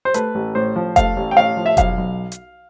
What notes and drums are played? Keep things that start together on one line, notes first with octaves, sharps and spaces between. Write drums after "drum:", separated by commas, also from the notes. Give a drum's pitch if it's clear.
C5
A3 B4, drum: hi-hat
A1
A2 C5
F3
A3 F5, drum: kick F1, hi-hat
A1
G5
A2 F5
F3
E5
B1 F5, drum: kick F1, hi-hat
B1
drum: hi-hat